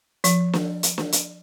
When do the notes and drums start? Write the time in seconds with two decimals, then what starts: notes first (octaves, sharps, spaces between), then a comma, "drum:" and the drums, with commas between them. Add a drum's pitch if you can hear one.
0.24 F3, drum: hi-hat
0.53 drum: snare
0.83 drum: hi-hat
0.98 drum: snare
1.12 drum: hi-hat